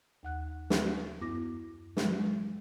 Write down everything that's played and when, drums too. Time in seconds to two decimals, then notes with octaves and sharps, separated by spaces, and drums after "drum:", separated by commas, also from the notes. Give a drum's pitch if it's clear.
0.23 D#2 F#5 F#6
0.70 drum: snare
1.20 F#2 B3 E4 D6 A#6
1.97 E3 F#3 G#3, drum: snare